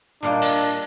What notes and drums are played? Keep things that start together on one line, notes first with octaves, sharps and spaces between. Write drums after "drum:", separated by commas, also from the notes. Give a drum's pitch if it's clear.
A#2 G3 A#3 D4 D#4 G#4
drum: cymbal